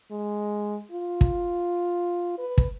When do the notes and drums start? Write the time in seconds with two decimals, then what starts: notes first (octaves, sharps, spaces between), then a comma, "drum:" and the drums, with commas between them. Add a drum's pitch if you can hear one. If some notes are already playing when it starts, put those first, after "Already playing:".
0.11 G#3
0.92 F4
1.21 drum: kick
2.38 B4
2.58 drum: kick